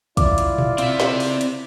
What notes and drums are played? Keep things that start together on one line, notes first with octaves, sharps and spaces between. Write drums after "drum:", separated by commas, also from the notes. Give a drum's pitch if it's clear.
E4 F4 D5 D6, drum: kick, hi-hat
drum: hi-hat
drum: tom A#2
C4 E5, drum: hi-hat
drum: snare
drum: open hi-hat
drum: hi-hat